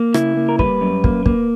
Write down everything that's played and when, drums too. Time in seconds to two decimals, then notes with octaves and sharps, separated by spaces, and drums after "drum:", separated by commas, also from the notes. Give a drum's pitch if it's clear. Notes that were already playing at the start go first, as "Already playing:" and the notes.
Already playing: A#3
0.14 C#3 E4, drum: rim click
0.37 A#3
0.49 A#4
0.59 G3 B4, drum: kick
0.81 F#2
1.04 A#3, drum: kick
1.26 A#3, drum: kick